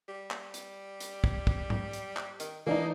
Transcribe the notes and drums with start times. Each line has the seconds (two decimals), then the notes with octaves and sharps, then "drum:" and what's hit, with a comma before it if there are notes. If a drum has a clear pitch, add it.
0.08 G3
0.31 drum: clap
0.54 drum: hi-hat
1.00 drum: hi-hat
1.24 drum: kick
1.47 drum: kick
1.70 drum: tom G#2
1.93 drum: hi-hat
2.17 drum: clap
2.40 D#3, drum: hi-hat
2.67 E3 A#3 D4 D#4